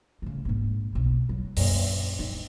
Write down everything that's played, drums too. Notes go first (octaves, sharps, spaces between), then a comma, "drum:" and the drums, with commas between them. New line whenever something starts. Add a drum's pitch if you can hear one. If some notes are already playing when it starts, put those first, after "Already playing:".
C#3 A3
A#1 G#2
B1
F#3
A#1 F#2, drum: open hi-hat
D#4